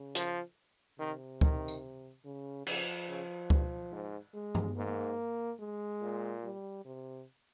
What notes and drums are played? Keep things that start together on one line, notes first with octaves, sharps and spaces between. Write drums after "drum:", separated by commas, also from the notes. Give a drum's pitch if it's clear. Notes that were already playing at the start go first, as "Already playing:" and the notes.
Already playing: C#3
F3, drum: hi-hat
C3 D#3
D#3, drum: kick C#2
drum: tambourine
C#3
C#3 F3, drum: cymbal
C#3
G2, drum: kick C#2
G#2
G#3
drum: tom
G#2 A#3
G#3
A#2
G3
C3